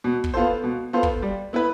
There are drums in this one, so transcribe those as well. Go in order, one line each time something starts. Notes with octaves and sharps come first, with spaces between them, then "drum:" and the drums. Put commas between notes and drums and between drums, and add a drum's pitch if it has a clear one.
B2
drum: kick
B3 F4 A4 C5
B2
B3 F4 A4 C5
drum: kick
G3
B3 E4 B4